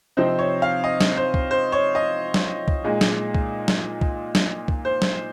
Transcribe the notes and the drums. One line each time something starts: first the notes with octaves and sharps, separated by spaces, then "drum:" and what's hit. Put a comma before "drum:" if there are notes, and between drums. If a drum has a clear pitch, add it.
C3 F3 C4 D#4 C5
C#5
F5
D#5
drum: snare
C5
drum: kick
C5
C#5
D#5
drum: snare
drum: kick
A#2 G#3 D#4
drum: snare
drum: kick
drum: snare
drum: kick
drum: snare
drum: kick
C5
drum: snare